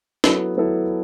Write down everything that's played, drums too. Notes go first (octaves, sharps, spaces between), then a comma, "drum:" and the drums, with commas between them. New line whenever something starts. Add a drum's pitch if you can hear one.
F#3 B3 E4 A4, drum: snare
F#3 B3 E4 A4